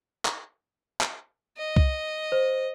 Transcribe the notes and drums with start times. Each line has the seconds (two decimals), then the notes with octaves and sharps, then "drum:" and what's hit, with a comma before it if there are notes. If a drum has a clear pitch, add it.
0.25 drum: clap
1.01 drum: clap
1.58 D#5
1.76 drum: kick C2
2.32 C5